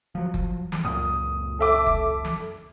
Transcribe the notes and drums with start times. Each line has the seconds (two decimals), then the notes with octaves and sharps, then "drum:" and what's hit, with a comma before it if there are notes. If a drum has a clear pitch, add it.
0.15 F3 F#3
0.34 drum: kick F#1
0.72 drum: snare
0.85 C#2 F#2 A#2 D#6
1.59 A4 E5 D6
1.87 drum: kick F#1
2.25 drum: snare